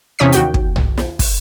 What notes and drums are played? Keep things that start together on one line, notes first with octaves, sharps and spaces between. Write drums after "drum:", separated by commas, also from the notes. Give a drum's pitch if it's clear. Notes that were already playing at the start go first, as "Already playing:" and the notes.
E2 C3 C#4 C#5 D#6 B6
D#2 F#4 G5, drum: hi-hat
drum: kick
drum: tom B1
drum: snare
drum: kick, open hi-hat